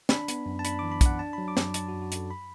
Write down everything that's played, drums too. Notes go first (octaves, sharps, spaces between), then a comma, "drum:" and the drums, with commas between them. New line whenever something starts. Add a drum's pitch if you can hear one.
D4 B5, drum: snare
B3, drum: hi-hat
F#2
A5
D4 B5, drum: hi-hat
E3 D6
B5
D4 F#5, drum: kick, hi-hat
D4 A5
F#3 B5
D6
F#2, drum: snare
F#3 A5, drum: hi-hat
F#4
F#2
F#4
F#2 A4, drum: hi-hat
B5